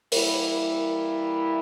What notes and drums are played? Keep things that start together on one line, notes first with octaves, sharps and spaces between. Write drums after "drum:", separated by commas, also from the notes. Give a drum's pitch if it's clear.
E3 G3 A#3 E4, drum: open hi-hat